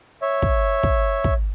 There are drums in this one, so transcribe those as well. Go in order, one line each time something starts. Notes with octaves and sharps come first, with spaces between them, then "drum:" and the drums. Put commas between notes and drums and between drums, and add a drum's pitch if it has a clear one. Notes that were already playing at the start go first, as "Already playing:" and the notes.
C#5 E5
drum: kick
drum: kick
drum: kick